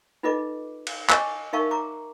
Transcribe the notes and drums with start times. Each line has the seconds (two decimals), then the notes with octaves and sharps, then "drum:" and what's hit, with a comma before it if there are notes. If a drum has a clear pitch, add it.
0.23 D#4 F4 A4 B4 D#5 D6
0.87 drum: cymbal
1.10 D#5 G#5 A5 C#6 D6, drum: clap
1.53 D#4 A#4 E5 F5 A5 C#6
1.71 A#5 D6